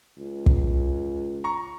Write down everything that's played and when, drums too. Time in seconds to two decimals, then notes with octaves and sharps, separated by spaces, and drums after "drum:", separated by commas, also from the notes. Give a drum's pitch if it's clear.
0.17 C#2
0.46 drum: kick
1.44 A#5 C#6